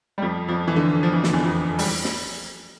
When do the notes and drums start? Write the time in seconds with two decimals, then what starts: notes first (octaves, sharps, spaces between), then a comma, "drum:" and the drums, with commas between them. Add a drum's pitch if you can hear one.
0.18 G3
0.22 F2 F3
0.48 F2 F3
0.68 E3
0.76 D3
1.03 F3
1.13 E3
1.24 D3, drum: snare
1.33 E2 E3
1.44 F2 F3
1.79 G3, drum: open hi-hat
2.04 drum: snare